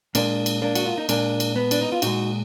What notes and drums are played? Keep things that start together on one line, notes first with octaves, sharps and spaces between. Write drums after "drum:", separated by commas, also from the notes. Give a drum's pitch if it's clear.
A#2 G#3 A#3 D4, drum: cymbal
drum: cymbal
A#3 D4
F#4, drum: cymbal
F4
D#4
A#2 G#3 A#3 D4, drum: cymbal
drum: cymbal
B3
D4, drum: cymbal
D#4
F4
A#2 G#3 D#4 F#4, drum: cymbal